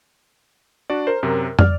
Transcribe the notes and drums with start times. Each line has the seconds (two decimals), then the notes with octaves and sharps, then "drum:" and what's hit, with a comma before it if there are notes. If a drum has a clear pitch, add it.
0.90 D4 F#4 D5
1.07 A#4 C5
1.23 F#2 C3
1.59 D5 F6, drum: tom